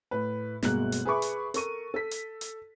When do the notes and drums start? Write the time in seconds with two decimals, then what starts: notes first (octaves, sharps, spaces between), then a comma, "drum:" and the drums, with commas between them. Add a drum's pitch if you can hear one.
0.11 A2 B4
0.63 G1 B2 G#3 A#3 F#6, drum: snare
0.92 drum: hi-hat
1.05 G#4 B4 E5 B5 C#6 D6
1.22 drum: hi-hat
1.54 A4 A#4 C#6 D#7, drum: hi-hat
1.94 A4 B6
2.11 drum: hi-hat
2.41 drum: hi-hat